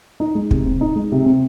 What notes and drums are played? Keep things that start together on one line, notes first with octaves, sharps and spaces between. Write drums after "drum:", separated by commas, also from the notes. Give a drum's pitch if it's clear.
D#4
G#3
C3, drum: kick
C4
D#4
G#3
C3
C4